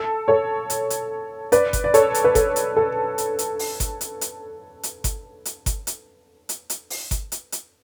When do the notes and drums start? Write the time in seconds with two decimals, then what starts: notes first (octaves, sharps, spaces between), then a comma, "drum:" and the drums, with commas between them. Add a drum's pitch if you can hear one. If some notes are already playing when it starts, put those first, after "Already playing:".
Already playing: A4
0.28 A4 C#5
0.70 drum: hi-hat
0.90 drum: hi-hat
1.52 B4 D5, drum: hi-hat
1.73 drum: kick G1, hi-hat
1.84 D5
1.94 A4 C#5, drum: hi-hat
2.14 drum: hi-hat
2.24 B4
2.35 A4, drum: kick G1, hi-hat
2.56 drum: hi-hat
2.77 A4
3.18 drum: hi-hat
3.39 drum: hi-hat
3.59 drum: open hi-hat
3.80 drum: kick G1, hi-hat
4.01 drum: hi-hat
4.21 drum: hi-hat
4.83 drum: hi-hat
5.04 drum: kick G1, hi-hat
5.45 drum: hi-hat
5.66 drum: kick G1, hi-hat
5.87 drum: hi-hat
6.49 drum: hi-hat
6.70 drum: hi-hat
6.90 drum: open hi-hat
7.11 drum: kick G1, hi-hat
7.32 drum: hi-hat
7.52 drum: hi-hat